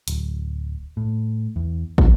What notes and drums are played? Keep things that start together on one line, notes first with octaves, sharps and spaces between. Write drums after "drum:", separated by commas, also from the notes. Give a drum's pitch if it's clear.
D1, drum: hi-hat
A2
E2
B2, drum: kick